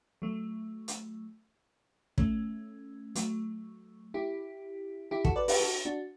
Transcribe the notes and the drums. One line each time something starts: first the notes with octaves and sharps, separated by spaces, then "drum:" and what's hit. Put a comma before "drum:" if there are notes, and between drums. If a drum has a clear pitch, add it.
F#3 A3
drum: hi-hat
A3 C#4, drum: kick
F#3 A3, drum: hi-hat
E4 G4
E4 G4
F#4 A4, drum: kick
B4 D5
G4 B4, drum: open hi-hat
F#4 A4
D4 F#4